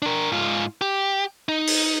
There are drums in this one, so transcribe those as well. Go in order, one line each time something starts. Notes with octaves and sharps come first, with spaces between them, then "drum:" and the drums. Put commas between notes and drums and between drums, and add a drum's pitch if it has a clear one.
D4 A#4
G#2 F4
G4
D#4
drum: open hi-hat